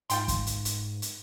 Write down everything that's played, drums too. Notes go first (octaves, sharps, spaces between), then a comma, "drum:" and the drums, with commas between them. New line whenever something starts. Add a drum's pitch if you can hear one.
G#2 F4 G5 C6, drum: hi-hat
drum: kick, hi-hat
drum: hi-hat
drum: hi-hat
drum: hi-hat